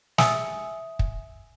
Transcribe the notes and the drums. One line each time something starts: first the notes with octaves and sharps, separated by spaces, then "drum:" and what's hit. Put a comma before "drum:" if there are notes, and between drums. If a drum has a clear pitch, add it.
E5 G#5 D#6 E6, drum: snare
drum: kick